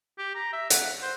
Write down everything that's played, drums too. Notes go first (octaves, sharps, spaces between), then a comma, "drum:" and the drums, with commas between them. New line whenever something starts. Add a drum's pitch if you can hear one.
G4
A#5
E5
F#5, drum: hi-hat
C5